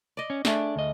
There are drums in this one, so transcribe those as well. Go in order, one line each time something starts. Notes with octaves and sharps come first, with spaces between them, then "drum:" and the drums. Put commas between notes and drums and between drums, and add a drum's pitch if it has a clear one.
D5 D#5
C#4
A3 D4 G#4, drum: snare
D2 D#5